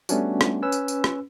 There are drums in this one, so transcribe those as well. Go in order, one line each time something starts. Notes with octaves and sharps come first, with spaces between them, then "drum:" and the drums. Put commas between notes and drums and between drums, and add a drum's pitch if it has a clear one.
G3 A3 B3 C#4 D4 F#4, drum: tambourine
drum: rim click
C#4 B4 E6
drum: tambourine
drum: tambourine
drum: rim click